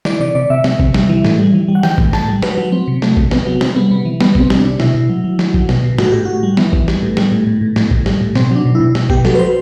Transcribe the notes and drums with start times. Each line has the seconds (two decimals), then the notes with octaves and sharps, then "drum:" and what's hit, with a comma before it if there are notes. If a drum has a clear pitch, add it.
0.05 E3 D5, drum: snare
0.20 C3 D5
0.35 C3 D5
0.50 C3 E5
0.64 C3, drum: snare
0.80 C3, drum: kick A1
0.94 G3, drum: snare
1.09 E3
1.25 A2, drum: snare
1.39 G3
1.54 E3
1.68 G3
1.75 F#5
1.83 E3 G5, drum: snare
1.98 A2, drum: kick A1
2.13 A2 A5, drum: snare
2.28 G3
2.42 F#3 B4, drum: snare
2.58 F#3
2.72 F#3 C4
2.88 C3
3.02 F#3 A3, drum: snare
3.17 C3, drum: kick A1
3.31 C3 B3, drum: snare
3.46 F#3
3.61 C3 C4, drum: snare
3.76 G3 B3
3.91 C3 B3
4.05 E3
4.21 G3 B3, drum: snare
4.35 C3, drum: kick A1
4.40 C4
4.50 G3, drum: snare
4.60 C3 D4
4.80 B2 E4, drum: snare
4.95 B2
5.10 F#3
5.24 F#3
5.39 F#3, drum: snare
5.54 F#3, drum: kick A1
5.69 B2, drum: snare
5.84 B2
5.98 A2 F#4, drum: snare
6.12 A2 G4
6.25 A2 F#4
6.43 G3
6.57 E3 B3, drum: snare
6.73 E3, drum: kick A1
6.88 G3, drum: snare
7.02 A2
7.17 G3, drum: snare
7.32 A2
7.47 A2
7.61 A2
7.76 A2, drum: snare
7.91 A2, drum: kick A1
8.06 G3, drum: snare
8.21 A2
8.35 B2 C4, drum: snare
8.51 F#3 D4
8.65 B2
8.75 E4
8.80 B2
8.95 B2, drum: snare
9.10 B2 G4, drum: kick A1
9.25 F#3 A4, drum: snare
9.35 B4
9.39 F#3 C5